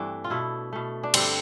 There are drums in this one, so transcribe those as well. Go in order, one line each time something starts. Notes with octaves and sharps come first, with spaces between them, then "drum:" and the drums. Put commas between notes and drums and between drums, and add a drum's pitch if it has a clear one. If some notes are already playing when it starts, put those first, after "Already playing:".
Already playing: G2 E3 A3 C4 D4
F4
B2 A3 E4
B2 A3
D4
G2 D3 G3 C4, drum: cymbal